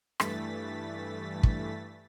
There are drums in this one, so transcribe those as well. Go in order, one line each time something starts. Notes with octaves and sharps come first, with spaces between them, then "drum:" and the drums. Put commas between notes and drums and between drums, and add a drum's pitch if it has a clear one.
G2 E3 A3 A6 B6, drum: rim click
drum: kick